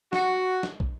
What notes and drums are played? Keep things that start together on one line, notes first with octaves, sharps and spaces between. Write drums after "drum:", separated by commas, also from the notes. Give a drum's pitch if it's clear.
F#4, drum: snare
drum: snare
drum: kick